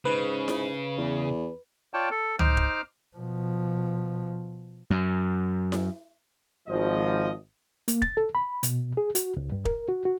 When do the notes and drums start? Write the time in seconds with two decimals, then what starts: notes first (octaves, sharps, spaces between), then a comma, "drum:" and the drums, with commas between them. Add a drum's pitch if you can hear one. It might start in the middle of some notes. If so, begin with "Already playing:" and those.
0.05 G#2 C#3 B4
0.48 drum: snare E4
0.98 E2
1.94 F4 C#5 D5 G5 A5
2.11 A4
2.39 D#4 C5 D6 F6, drum: tom C#2
2.57 drum: kick
3.17 B2 F3
4.91 F#2
5.72 drum: snare E4
6.68 G#1 F3 D#5
7.88 A#3, drum: hi-hat
8.02 A6, drum: kick
8.17 A4
8.35 B5
8.63 B2, drum: hi-hat
8.97 G#4
9.15 F#4, drum: hi-hat
9.37 C#2
9.52 G2
9.65 A#4, drum: kick
9.89 F#4
10.05 F#4